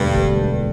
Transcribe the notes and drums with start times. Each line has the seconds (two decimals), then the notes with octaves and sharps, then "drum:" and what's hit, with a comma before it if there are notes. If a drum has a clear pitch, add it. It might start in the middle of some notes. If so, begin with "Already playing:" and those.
Already playing: E1 D2 G2 D3
0.15 drum: kick